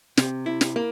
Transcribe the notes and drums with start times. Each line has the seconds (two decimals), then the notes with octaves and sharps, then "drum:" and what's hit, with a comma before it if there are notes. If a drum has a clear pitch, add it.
0.17 C3, drum: snare
0.46 E4
0.61 drum: snare
0.76 A#3